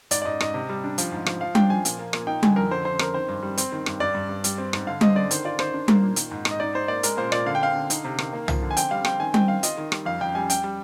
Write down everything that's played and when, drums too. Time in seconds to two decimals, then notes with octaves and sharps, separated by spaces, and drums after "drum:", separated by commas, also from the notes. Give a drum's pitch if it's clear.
0.11 G#2 D5, drum: hi-hat
0.22 D5
0.25 G#2 D#5
0.40 G#2 D#5, drum: rim click
0.54 C3
0.69 G3
0.84 D4
0.98 F3, drum: hi-hat
1.12 G#2
1.26 F3, drum: rim click
1.41 F3 F5
1.55 D4 G5, drum: tom G3
1.70 F3 G#5
1.85 A#2, drum: hi-hat
1.99 A#3
2.13 A#2, drum: rim click
2.27 D#4 G5
2.43 D3 G#5, drum: tom G3
2.56 F2 A#4
2.71 D3 C5
2.85 D3 C5
2.99 C4 A#4, drum: rim click
3.14 D#3 C5
3.28 G2
3.43 G3
3.58 C4, drum: hi-hat
3.72 D#3
3.86 G2, drum: rim click
4.00 G2 D5
4.15 G2
4.29 G2
4.44 G3, drum: hi-hat
4.58 C4
4.73 G#2, drum: rim click
4.87 D3 F5
5.01 C4 D#5, drum: tom G3
5.15 D3 D5
5.31 D#3 C5, drum: hi-hat
5.45 F4 D5
5.59 D#3 C5, drum: rim click
5.74 D4
5.88 A#3, drum: tom G3
6.02 A#2
6.16 D#3, drum: hi-hat
6.32 G#2
6.45 G#2, drum: rim click
6.51 D#5
6.60 D#4 D5
6.75 D#4 C5
6.88 A#3 D5
7.03 G#3 A#4, drum: hi-hat
7.17 A#2 C5
7.32 A#2 D5, drum: rim click
7.46 D3 F5
7.55 G5
7.61 C4 F5
7.75 D3
7.90 D#4, drum: hi-hat
8.05 C3
8.19 D#3, drum: rim click
8.33 A#3
8.48 F3, drum: tom
8.63 D3
8.71 G#5
8.77 C4 G5, drum: hi-hat
8.91 G3 F5
9.05 C4 G5, drum: rim click
9.20 D#3 G#5
9.34 C4 G5, drum: tom G3
9.48 D#3 F5
9.63 F4 D#5, drum: hi-hat
9.77 D#3
9.92 G3, drum: rim click
10.05 F2 F5
10.21 F2 G5
10.35 G3 G#5
10.50 G3 G5, drum: hi-hat
10.64 G3